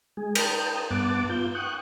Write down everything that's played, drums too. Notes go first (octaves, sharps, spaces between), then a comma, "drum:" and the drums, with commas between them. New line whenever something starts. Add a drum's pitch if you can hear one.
G#3 G#4
A#4 B4 G5 A5 D#6 G6, drum: cymbal
G2 B3 F#5 A5 D6
B3 F4 G6
F#5 G5 C#6 D#6 F#6